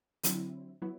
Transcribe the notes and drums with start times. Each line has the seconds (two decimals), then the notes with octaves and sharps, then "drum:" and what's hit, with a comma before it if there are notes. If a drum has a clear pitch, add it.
0.23 D3 F#3 C4 E4, drum: hi-hat
0.82 F#3 B3 E4